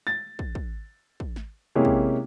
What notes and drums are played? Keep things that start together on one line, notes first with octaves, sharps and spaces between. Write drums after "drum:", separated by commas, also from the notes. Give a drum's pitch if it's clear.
A6, drum: snare
drum: kick
drum: kick
drum: kick
drum: snare
C3 G#3 A#3 C#4 E4 G4
drum: kick